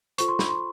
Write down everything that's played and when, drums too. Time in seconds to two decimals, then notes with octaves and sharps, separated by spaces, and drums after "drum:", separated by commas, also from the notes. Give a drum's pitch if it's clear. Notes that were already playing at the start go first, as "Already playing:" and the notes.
0.18 F4 A4 C5 C#6, drum: hi-hat
0.28 C6
0.39 B5, drum: snare
0.49 C6